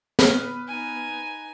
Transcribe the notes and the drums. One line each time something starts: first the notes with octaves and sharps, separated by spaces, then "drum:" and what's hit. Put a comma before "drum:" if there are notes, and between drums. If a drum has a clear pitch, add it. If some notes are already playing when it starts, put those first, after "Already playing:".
B3 B4 F6, drum: snare
D#4 G#5